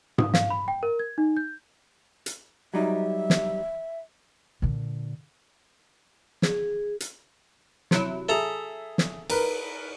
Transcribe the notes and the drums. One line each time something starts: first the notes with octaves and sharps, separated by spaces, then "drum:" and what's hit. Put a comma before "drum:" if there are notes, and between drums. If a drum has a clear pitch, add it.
D#6, drum: tom G#2
F5, drum: snare
B5
G5
A#4
G#6
D#4
G6
drum: hi-hat
F#3 G3 D#4 E5
drum: snare
A#2 D3
G#4, drum: snare
drum: hi-hat
C3 F#3 E4, drum: snare
G#4 A4 E5 A#5
drum: snare
A#4 B4, drum: cymbal